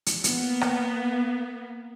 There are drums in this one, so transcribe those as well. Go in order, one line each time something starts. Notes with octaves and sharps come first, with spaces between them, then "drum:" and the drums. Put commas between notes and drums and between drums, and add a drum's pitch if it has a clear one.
drum: hi-hat
A#3 B3, drum: hi-hat
drum: rim click